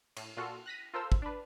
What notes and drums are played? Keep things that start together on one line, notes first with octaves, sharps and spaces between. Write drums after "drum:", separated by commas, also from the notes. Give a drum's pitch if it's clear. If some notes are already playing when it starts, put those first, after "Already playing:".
A2, drum: cymbal
A#2 F4 F#4 A4
F#6 A#6 B6 D#7
F4 A4 A#4 C5 E6
drum: kick
D4 B4